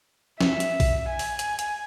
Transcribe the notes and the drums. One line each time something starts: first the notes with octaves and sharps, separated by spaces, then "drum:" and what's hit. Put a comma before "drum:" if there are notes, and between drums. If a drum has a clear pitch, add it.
E5, drum: snare
drum: hi-hat
drum: kick A#1, open hi-hat
G#5
drum: open hi-hat
drum: hi-hat
drum: hi-hat